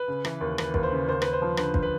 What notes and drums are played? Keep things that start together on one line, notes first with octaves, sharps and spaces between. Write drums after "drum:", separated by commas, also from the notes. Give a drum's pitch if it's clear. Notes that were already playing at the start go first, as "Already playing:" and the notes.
Already playing: B4
C#3
E3, drum: rim click
D#2
E3 B4, drum: rim click
D#2, drum: kick
C5
C#3
D#2 C5
D#2 B4, drum: rim click
C5
F3
D3 B4, drum: rim click
F3, drum: kick
B4